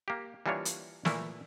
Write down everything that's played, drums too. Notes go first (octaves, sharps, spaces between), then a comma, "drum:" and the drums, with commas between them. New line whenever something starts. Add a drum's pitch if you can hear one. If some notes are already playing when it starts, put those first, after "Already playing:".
A#3 G4
E3 G3 A#3 D4 F4 C#5
drum: hi-hat
A#2 E3 A3 A#3 E4, drum: snare